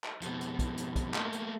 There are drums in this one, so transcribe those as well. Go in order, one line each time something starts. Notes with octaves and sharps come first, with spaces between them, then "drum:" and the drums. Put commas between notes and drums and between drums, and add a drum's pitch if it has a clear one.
drum: clap
F2 B2, drum: hi-hat
drum: hi-hat
drum: kick, hi-hat
drum: hi-hat
drum: kick, hi-hat
A3 A#3, drum: clap
drum: hi-hat